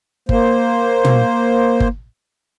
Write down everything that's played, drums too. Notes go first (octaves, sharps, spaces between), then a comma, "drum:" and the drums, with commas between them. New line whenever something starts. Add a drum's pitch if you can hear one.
A#3 C5, drum: kick G1
drum: tom
drum: kick G1